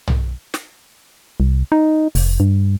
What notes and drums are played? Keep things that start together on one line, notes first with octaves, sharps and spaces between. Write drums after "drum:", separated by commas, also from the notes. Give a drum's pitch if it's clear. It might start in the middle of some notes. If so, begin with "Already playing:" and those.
drum: tom
drum: snare
C2
D#4
F1, drum: open hi-hat
G2